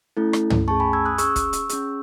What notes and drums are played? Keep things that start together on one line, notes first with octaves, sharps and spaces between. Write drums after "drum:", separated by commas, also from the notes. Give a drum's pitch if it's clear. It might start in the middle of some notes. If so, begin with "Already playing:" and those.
A3 C#4 E4 A4
drum: rim click
drum: tom
A3 C#4 G#4 A5 C#6
G#5 B5
E6 G#6
D#6 F#6
C#4 G#4 C#6 E6, drum: hi-hat
drum: kick, hi-hat
drum: hi-hat
C#4 G#4, drum: hi-hat